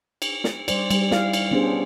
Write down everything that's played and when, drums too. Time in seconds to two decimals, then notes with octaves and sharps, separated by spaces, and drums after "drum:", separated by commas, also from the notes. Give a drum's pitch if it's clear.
0.22 drum: cymbal
0.44 drum: snare
0.68 G3 C5 D5, drum: cymbal
0.90 G3, drum: cymbal
1.11 E4 F5, drum: snare
1.33 drum: cymbal
1.51 B3 C#4 D4 G4 G#4 C5